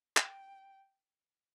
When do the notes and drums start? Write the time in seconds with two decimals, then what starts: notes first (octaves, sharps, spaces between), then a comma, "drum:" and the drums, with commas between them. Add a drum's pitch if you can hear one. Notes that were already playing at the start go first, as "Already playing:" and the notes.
0.17 G5, drum: clap